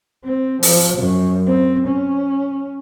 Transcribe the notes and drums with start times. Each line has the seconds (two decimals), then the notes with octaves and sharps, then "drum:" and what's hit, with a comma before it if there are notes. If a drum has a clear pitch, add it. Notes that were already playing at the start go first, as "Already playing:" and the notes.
0.24 C4
0.63 F3, drum: open hi-hat
0.97 F#2
1.46 C4
1.87 C#4